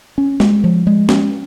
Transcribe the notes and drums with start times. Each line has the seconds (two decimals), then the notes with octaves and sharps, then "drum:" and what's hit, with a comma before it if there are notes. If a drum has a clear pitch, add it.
0.18 C#4
0.40 G#3, drum: snare
0.64 F3
0.87 G#3
1.09 C#4, drum: snare